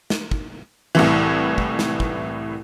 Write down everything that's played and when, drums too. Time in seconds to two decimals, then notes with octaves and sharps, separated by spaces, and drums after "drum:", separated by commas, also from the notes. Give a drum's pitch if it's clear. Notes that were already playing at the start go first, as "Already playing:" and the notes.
0.10 drum: snare
0.31 drum: kick
0.95 C2 A2 E3
1.58 drum: kick
1.79 drum: snare
2.00 drum: kick